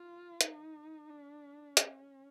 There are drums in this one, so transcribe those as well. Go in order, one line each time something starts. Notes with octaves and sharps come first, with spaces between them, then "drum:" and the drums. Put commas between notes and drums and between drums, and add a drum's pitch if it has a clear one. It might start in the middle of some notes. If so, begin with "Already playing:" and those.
Already playing: F4
D#4, drum: hi-hat
D4
C#4, drum: hi-hat